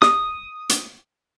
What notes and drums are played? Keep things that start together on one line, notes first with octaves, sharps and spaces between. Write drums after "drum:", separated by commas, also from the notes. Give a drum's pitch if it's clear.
D#6, drum: snare
drum: hi-hat